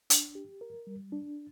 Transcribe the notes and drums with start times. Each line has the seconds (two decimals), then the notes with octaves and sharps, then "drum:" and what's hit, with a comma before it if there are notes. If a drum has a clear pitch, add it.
0.10 D4, drum: hi-hat
0.35 G4
0.61 A#4
0.87 G3
1.12 D4